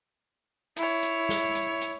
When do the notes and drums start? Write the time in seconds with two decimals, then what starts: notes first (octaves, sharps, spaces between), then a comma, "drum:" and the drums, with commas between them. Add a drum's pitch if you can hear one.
0.76 E4 C#5, drum: hi-hat
1.03 drum: hi-hat
1.29 drum: snare
1.55 drum: hi-hat
1.81 drum: hi-hat